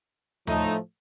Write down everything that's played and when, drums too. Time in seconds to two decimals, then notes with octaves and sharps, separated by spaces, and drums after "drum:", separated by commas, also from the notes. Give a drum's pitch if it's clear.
0.47 A2 F3 A3 D#4, drum: tom D#2